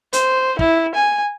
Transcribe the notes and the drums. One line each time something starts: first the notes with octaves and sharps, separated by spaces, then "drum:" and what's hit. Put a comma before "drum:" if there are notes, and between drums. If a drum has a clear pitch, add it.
C5, drum: hi-hat
E4, drum: kick
G#5